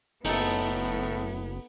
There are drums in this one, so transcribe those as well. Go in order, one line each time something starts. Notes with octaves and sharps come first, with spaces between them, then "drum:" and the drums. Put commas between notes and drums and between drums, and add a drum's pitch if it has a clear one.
F#1 A2 B3 D#4 A4, drum: open hi-hat